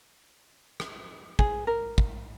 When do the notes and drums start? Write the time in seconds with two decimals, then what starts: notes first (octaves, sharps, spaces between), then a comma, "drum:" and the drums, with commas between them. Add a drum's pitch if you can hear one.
0.80 drum: rim click
1.39 G#4, drum: kick
1.67 A#4
1.98 drum: kick